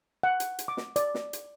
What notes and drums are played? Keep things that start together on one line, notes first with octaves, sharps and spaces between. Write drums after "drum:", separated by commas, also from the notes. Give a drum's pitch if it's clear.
F#5
drum: hi-hat
drum: hi-hat
D6
drum: snare
D5, drum: hi-hat
drum: snare
drum: hi-hat